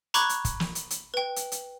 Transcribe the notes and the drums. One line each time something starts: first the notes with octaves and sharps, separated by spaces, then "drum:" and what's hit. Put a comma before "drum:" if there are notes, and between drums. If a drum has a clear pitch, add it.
A#5 B5 C#6 D6 F#6 G#6, drum: hi-hat
drum: hi-hat
drum: kick, hi-hat
drum: snare
drum: hi-hat
drum: hi-hat
B4 G5
drum: hi-hat
drum: hi-hat